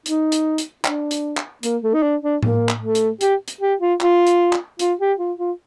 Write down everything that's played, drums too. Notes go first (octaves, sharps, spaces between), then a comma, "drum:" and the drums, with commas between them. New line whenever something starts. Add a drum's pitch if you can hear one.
D#4, drum: hi-hat
drum: hi-hat
drum: hi-hat
D4, drum: clap
drum: hi-hat
drum: clap
A#3, drum: hi-hat
A3
D#4
D4
D4
A#3, drum: tom A2
drum: clap
A3
drum: hi-hat
G4, drum: hi-hat
drum: hi-hat
G4
F4
F4, drum: clap
drum: hi-hat
drum: clap
F4, drum: hi-hat
G4
F4
F4